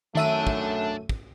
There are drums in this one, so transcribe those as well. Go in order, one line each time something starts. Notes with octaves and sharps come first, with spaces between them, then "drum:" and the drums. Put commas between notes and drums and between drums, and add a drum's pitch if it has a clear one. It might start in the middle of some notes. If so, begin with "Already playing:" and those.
F#2 D#3 A3 D4 E5 A5 D#7
drum: kick
drum: kick